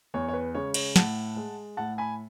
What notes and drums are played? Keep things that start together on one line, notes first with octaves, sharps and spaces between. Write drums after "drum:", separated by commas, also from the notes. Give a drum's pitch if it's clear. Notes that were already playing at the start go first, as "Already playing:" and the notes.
E2 C#5
C#5
B4
C#3 G#3 C#5
C#5, drum: cymbal
A2 F#5 A5, drum: snare
G#3
A2 F#5 A5
G#5 B5